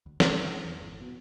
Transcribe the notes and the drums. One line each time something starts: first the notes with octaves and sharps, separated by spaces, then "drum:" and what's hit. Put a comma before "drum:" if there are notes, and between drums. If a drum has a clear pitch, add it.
D2
D4, drum: snare
A1
E3
E2
G1
B2